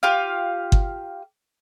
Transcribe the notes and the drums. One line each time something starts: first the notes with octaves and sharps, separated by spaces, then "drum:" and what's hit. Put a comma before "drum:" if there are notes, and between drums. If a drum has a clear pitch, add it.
F4 G4 F5
drum: kick G1